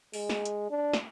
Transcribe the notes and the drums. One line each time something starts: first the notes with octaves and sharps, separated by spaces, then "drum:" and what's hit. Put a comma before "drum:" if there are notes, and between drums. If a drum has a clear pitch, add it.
G#3, drum: open hi-hat
drum: snare
drum: hi-hat
D4
drum: snare